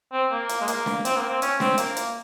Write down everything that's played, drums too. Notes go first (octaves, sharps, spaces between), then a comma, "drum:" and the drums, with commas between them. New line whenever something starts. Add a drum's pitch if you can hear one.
C4
A#3
drum: hi-hat
G#3
A#3, drum: hi-hat
drum: snare
C4, drum: hi-hat
A#3
C4
C#4, drum: hi-hat
C4, drum: snare
A#3, drum: hi-hat
drum: hi-hat